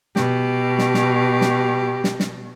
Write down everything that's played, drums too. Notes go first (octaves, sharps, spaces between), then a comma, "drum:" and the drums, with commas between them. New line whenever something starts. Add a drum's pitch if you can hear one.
B2 G4, drum: snare
drum: snare
drum: snare
drum: snare
drum: snare
drum: snare